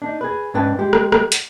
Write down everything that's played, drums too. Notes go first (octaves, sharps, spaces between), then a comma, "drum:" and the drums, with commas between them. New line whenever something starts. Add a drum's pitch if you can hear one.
D4 D#4
G#4 B4
G#2 C#4 D4 B4 G5 A5
G#3 G4
drum: rim click
drum: rim click
drum: hi-hat